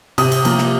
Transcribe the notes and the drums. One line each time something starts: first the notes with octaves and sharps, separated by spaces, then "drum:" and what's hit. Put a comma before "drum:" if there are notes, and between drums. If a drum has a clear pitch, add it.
C3 D#6, drum: cymbal
drum: cymbal
F3 A#3, drum: cymbal
drum: snare